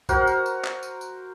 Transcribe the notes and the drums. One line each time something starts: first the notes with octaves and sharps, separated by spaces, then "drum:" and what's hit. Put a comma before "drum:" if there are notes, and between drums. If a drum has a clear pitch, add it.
F#4 A#4 C5, drum: kick, tambourine
drum: tambourine
drum: tambourine
drum: clap
drum: tambourine
drum: tambourine